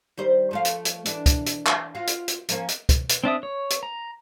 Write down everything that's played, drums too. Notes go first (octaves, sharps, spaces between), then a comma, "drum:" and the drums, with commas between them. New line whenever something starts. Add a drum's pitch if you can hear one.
D#3 G3 C5
F3 A3 F5
drum: hi-hat
drum: hi-hat
E3 D4, drum: hi-hat
drum: kick, hi-hat
drum: hi-hat
drum: clap
F4 F#4 F5
drum: hi-hat
drum: hi-hat
F3 A#3 C#4, drum: hi-hat
drum: hi-hat
drum: kick, hi-hat
drum: hi-hat
C4 D4 E5 D#6
C#5
drum: hi-hat
A#5